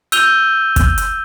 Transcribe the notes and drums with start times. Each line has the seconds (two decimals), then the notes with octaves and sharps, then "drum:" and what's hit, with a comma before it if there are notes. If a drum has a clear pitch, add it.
0.12 E6 G6 D#7 F7 G7, drum: hi-hat
0.76 drum: kick, hi-hat
0.98 drum: hi-hat